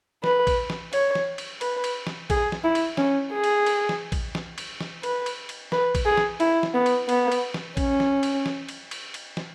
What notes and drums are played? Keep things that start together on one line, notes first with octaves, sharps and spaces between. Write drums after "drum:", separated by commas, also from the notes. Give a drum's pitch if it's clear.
B4, drum: snare
drum: kick A#1, cymbal
drum: snare
C#5, drum: cymbal
drum: snare
drum: cymbal
B4, drum: cymbal
drum: cymbal
drum: snare
G#4, drum: kick A#1, cymbal
drum: snare
E4
drum: cymbal
C#4, drum: snare
G#4
drum: cymbal
drum: cymbal
drum: snare
drum: kick A#1, cymbal
drum: snare
drum: cymbal
drum: snare
B4, drum: cymbal
drum: cymbal
drum: cymbal
B4, drum: snare
drum: kick A#1, cymbal
G#4
drum: snare
E4, drum: cymbal
drum: snare
B3
drum: cymbal
B3, drum: cymbal
drum: cymbal
drum: snare
C#4, drum: kick A#1, cymbal
drum: snare
drum: cymbal
drum: snare
drum: cymbal
drum: cymbal
drum: cymbal
drum: snare